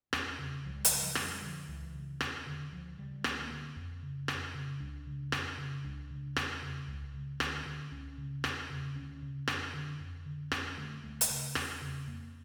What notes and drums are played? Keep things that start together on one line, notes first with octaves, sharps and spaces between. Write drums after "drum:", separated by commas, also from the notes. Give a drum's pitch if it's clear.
E2 C#4, drum: rim click
C#3
C#2 F3
G3
F3, drum: hi-hat
C#3 G3
F3
F2 G3, drum: rim click
F3
G3
D3 F3
C#2 E3
C#3
E2, drum: rim click
D3
D2 F3
C#3 G3
D2 A#3, drum: rim click
A3
A#3
D3
F2
C#3
F2, drum: rim click
C#3
C#2 D4
C#3
F2, drum: rim click
C#3
C#2 D4
C#3
E2, drum: rim click
C#3
C#2
C#3
D2, drum: rim click
D3
C#2 C#4
C#3
E2, drum: rim click
C#3
D2 C#4
C#3
F2 D4, drum: rim click
D3
F2
D3
F2 C#4, drum: rim click
D3 A3
D2 A3
drum: hi-hat
C#3
E2, drum: rim click
C#3
F2 A#3